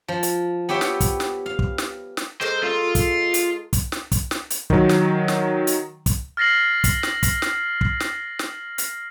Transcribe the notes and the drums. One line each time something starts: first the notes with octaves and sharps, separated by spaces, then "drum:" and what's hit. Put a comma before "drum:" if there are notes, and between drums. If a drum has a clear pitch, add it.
F3
drum: hi-hat
B3 G4 C#5 E5 G5
drum: snare
drum: kick, hi-hat
drum: snare
F5
drum: kick
drum: snare
drum: snare
G#3 A4 A#4 C5
F4
drum: kick, hi-hat
drum: hi-hat
drum: kick, hi-hat
drum: snare
drum: kick, hi-hat
drum: snare
drum: hi-hat
D#3 F#3, drum: kick
drum: snare
drum: snare
drum: hi-hat
drum: kick, hi-hat
F6 A6 A#6 C7 F#7
drum: kick, hi-hat
drum: snare
drum: kick, hi-hat
drum: snare
drum: kick
drum: snare
drum: snare
drum: hi-hat